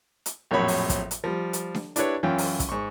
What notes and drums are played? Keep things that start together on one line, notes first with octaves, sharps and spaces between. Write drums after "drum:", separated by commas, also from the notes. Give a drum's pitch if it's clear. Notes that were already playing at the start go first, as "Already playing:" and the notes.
drum: hi-hat
A#1 F2 A2 F#3 C#5 B5
drum: open hi-hat
drum: kick, hi-hat
drum: hi-hat
F3 G3
drum: hi-hat
drum: snare D4
D4 E4 G4 B4 C#5, drum: hi-hat
F#2 E3 C#4 F4 G5
drum: open hi-hat
drum: kick, hi-hat
G#2 C#6